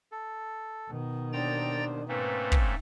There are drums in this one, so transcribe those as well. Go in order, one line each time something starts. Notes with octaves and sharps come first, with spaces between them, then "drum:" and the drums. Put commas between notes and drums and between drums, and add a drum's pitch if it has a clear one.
A4
B2 D#3
D#2 D4 C5 G5 A#5 A6
G#2 A3 A#3 C4 C#4 B4
drum: kick